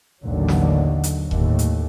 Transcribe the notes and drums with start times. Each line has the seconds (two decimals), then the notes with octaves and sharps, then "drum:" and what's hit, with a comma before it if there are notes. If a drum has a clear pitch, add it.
0.22 A1 D#2 D3 F#3
0.48 drum: snare
1.04 drum: hi-hat
1.31 D#2 A2, drum: kick E1
1.59 drum: hi-hat